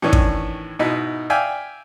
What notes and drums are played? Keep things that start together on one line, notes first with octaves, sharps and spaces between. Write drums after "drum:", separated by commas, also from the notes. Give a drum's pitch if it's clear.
A2 D#3 E3 C#4 D4
drum: kick
G#2 B2 D#4 E4
D5 E5 F5 G5 G#5